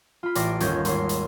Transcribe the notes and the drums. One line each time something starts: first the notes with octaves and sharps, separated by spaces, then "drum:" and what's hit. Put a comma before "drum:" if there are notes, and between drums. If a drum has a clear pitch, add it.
F4 B5
A1 D5 C6 A#6, drum: hi-hat
G1 D#2 C#4 G6 G#6, drum: hi-hat
G#1 C6, drum: hi-hat
drum: hi-hat